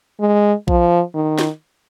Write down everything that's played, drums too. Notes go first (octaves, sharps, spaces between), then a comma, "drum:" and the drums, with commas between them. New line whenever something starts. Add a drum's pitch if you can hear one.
G#3
F3, drum: kick A#1
D#3
drum: snare